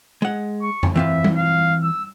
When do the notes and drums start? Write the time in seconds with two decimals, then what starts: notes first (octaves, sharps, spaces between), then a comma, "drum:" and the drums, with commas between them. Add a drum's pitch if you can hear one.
0.22 G#3 F#5
0.62 C#6
0.83 drum: tom F2
0.95 E3 C4 F4 E5
1.24 drum: tom G3
1.37 F5
1.83 E6